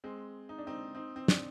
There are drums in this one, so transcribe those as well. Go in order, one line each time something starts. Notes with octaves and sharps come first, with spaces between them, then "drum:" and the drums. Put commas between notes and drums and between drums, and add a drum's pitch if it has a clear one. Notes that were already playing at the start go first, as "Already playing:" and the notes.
G#3 C4
D#4
D4
C4 D#4
C4 D#4
C4
D4, drum: snare